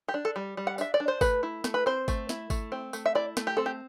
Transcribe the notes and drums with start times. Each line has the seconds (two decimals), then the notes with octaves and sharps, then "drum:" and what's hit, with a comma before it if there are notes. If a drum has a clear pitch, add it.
0.08 G4
0.14 D4
0.25 A4
0.36 G3
0.57 G3
0.67 F#5
0.78 D4 E5, drum: tambourine
0.94 D5
1.00 D4
1.08 C5
1.21 A3 B4, drum: kick G#1, tambourine
1.43 E4
1.64 A3, drum: snare
1.74 B4
1.86 C4 C5
2.08 A3, drum: kick G#1, tambourine
2.29 E4, drum: snare
2.50 A3, drum: kick G#1, tambourine
2.72 C4
2.93 A3, drum: tambourine
3.06 E5
3.15 E4 D5
3.37 A3, drum: snare
3.47 G4
3.57 C4 A4
3.66 G4